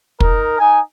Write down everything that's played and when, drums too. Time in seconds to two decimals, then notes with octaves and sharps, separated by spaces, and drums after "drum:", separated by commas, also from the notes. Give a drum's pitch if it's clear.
0.20 D#4 A#4, drum: kick
0.58 D#4 G#5